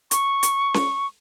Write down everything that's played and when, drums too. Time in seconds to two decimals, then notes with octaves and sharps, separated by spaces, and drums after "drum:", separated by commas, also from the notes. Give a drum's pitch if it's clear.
0.11 C#6, drum: hi-hat
0.43 drum: hi-hat
0.74 drum: snare C#4